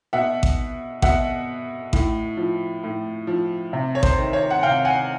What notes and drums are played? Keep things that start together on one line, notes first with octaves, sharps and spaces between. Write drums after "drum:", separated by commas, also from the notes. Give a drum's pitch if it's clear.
B2 E5 F#5
drum: kick A1
B2 E5 F#5, drum: kick A1
A2, drum: kick A1
F3
A2
F3
C3
C#5
C5, drum: kick A1
D#3
C#5
F#5
C3 F5 G5
F#5 G#5